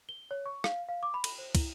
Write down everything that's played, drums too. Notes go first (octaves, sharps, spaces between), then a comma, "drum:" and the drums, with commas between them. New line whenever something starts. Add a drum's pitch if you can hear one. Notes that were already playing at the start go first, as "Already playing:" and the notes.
G7
C#5
C#6
F5, drum: rim click
F5
D6
B5
drum: cymbal
C5
E4, drum: kick, cymbal